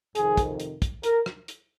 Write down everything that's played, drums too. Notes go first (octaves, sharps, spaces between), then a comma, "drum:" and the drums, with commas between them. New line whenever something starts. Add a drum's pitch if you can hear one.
F2 C3 D#3 G#4, drum: hi-hat
drum: kick, hi-hat
drum: hi-hat
drum: kick, hi-hat
A#4, drum: hi-hat
drum: rim click
drum: hi-hat